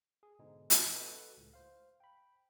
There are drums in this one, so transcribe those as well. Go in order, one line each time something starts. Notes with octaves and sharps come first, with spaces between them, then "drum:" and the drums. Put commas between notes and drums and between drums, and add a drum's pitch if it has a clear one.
G#4
G#2 B2 D3 G#3 D#4
drum: hi-hat
F#4 A4 B4 D#5
C#2 A2
C5 F5
G5 B5